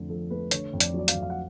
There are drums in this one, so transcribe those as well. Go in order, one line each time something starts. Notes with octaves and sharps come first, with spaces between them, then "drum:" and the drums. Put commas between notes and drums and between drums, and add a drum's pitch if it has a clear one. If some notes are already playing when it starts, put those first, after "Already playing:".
Already playing: F2 D3 A3
F3 A4
A3 B4
D3 C#5, drum: hi-hat
F2
D5, drum: hi-hat
F#3 D5
F5, drum: hi-hat
F2
F5
F#5